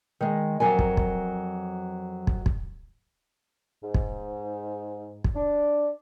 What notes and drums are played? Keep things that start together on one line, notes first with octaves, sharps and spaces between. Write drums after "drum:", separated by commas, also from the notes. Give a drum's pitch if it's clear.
D#3 G#3
F2 F#3 A#4 G#5
drum: kick
drum: kick
drum: kick
drum: kick
G#2
drum: kick
drum: kick
D4